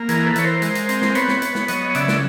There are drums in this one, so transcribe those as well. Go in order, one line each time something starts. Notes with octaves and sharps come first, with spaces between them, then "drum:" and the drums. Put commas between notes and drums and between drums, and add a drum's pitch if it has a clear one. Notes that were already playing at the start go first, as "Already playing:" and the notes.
Already playing: A#3
E3 G#4 A#4, drum: hi-hat
A4 B4
E3 C#5, drum: hi-hat
A#4 C5
G#3, drum: hi-hat
drum: hi-hat
C4, drum: hi-hat
drum: snare
B3 B4 C#5, drum: hi-hat
drum: snare
B3, drum: hi-hat
drum: snare
F#3 C#5 D#5, drum: hi-hat
D#5
C#3 D5 E5, drum: hi-hat
drum: snare